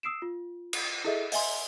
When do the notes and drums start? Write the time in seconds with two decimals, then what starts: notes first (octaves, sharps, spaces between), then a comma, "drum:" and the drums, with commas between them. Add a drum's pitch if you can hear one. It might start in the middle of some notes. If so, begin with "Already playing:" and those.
0.03 D#6 E6 C7 D7 E7
0.22 F4
0.73 drum: cymbal
1.04 E4 G#4 A4 D#5 E5
1.32 D#5 E5 G#5 C6, drum: open hi-hat